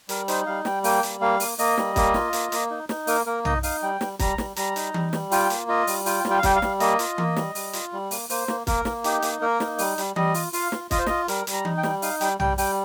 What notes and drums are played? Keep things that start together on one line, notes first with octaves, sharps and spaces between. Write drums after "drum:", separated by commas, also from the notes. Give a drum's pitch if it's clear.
G3 A#4, drum: hi-hat
D#4 C5, drum: hi-hat
G3 F5
G3 G5, drum: snare
A#3 G5, drum: open hi-hat
G3, drum: hi-hat
A#3 F5
A#3, drum: open hi-hat
A#3 D#5, drum: open hi-hat
G3, drum: snare
A#3, drum: kick, hi-hat
F4, drum: snare
A#3, drum: hi-hat
A#3, drum: hi-hat
D#4
D#4, drum: snare
A#3 A#4, drum: open hi-hat
A#3 A#4
D#4 D#5, drum: tom
D#4 F5, drum: open hi-hat
G3 G5
G3, drum: snare
G3 A#5, drum: kick, hi-hat
G3, drum: snare
G3 A#5, drum: hi-hat
D#4, drum: hi-hat
G3, drum: tom E3
G3, drum: snare
F4 G5, drum: open hi-hat
A#3, drum: hi-hat
F4 D#5
G3, drum: open hi-hat
F4 G5, drum: open hi-hat
G3, drum: snare
G5
F5
G3 G5, drum: kick, hi-hat
F5
G3, drum: snare
A#3 D#5, drum: hi-hat
F4, drum: hi-hat
A#3, drum: tom E3
G3, drum: snare
G3, drum: open hi-hat
F4, drum: hi-hat
G3
A#3, drum: open hi-hat
A#3 C5, drum: open hi-hat
A#3, drum: snare
A#3 A#4, drum: kick, hi-hat
A#3, drum: snare
D#4 G4, drum: hi-hat
A#3, drum: hi-hat
A#3 A#4
D#4, drum: snare
G3, drum: open hi-hat
G3, drum: hi-hat
G3 D#5, drum: tom E3
F4, drum: open hi-hat
F4 F5, drum: open hi-hat
F4, drum: snare
F4 D#5, drum: kick, hi-hat
C5
F4 D#5, drum: snare
G3 A#4, drum: hi-hat
G3, drum: hi-hat
A#5
D#4, drum: tom E3
G5
G3, drum: snare
D#4 F5, drum: open hi-hat
G3 G5, drum: hi-hat
G3 G5, drum: tom
G3 G5, drum: open hi-hat